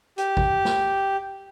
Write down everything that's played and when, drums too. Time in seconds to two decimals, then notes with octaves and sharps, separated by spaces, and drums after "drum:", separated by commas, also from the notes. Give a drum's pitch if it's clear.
0.18 G4, drum: hi-hat
0.37 drum: kick G#1
0.65 drum: snare